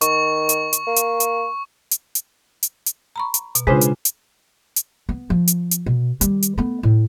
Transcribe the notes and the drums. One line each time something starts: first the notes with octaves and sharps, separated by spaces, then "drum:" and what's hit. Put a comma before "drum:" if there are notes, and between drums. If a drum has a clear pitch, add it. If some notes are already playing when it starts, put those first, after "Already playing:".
D#3 C#6, drum: hi-hat
drum: hi-hat
drum: hi-hat
A#3
drum: hi-hat
drum: hi-hat
drum: hi-hat
drum: hi-hat
drum: hi-hat
drum: hi-hat
A#5 B5 C#6
drum: hi-hat
B2, drum: hi-hat
C#3 G#3 D4 F4 G#4 B4 C5
drum: hi-hat
drum: hi-hat
drum: hi-hat
B3
F3
drum: hi-hat
drum: hi-hat
B2
D#3 G3, drum: hi-hat
drum: hi-hat
A3 B3
A2